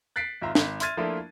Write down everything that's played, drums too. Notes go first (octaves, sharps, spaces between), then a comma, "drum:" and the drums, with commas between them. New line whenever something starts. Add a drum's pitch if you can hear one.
F#6 A6 B6 C7 D7
G#1 F4 E5 A#5
G#1, drum: snare
E5 C6 F6 G#6 A6 D#7, drum: hi-hat
F3 A3 A#3 D4 E4 F4